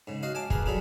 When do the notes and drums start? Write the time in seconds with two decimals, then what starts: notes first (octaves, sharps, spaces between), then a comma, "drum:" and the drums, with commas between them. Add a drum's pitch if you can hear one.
0.07 G#2 C#3
0.23 F#4 D#5 F5
0.35 G#5 A5 D6
0.50 G#4 A#4 B4, drum: kick
0.66 F#3 G3 F4 G#4 A4